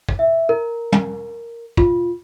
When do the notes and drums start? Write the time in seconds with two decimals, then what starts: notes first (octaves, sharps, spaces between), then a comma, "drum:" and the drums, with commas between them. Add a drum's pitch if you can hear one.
0.09 drum: kick
0.19 E5
0.49 A#4
0.92 drum: tom
1.77 F4, drum: kick